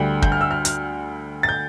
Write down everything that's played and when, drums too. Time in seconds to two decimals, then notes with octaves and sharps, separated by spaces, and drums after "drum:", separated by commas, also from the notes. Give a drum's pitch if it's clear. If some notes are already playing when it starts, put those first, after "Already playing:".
Already playing: D2 D3 G3
0.22 G6, drum: kick
0.32 F6
0.41 E6
0.51 F6
0.65 F6, drum: hi-hat
1.43 A6
1.49 G6